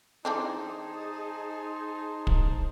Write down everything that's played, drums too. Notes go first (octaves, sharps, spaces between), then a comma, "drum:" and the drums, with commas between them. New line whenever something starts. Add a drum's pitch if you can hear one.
E3 C4 D4 D#4 G#4 C5 A5
drum: kick